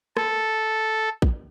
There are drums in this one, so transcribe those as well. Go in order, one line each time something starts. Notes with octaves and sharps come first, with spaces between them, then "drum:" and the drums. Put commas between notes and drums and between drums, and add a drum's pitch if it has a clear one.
A4, drum: rim click
drum: kick